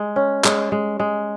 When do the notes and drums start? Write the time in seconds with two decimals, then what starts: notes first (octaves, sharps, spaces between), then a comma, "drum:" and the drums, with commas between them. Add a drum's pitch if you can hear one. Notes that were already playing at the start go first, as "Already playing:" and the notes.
Already playing: G#3
0.16 C#4
0.44 G#3, drum: clap
0.72 G#3
1.00 G#3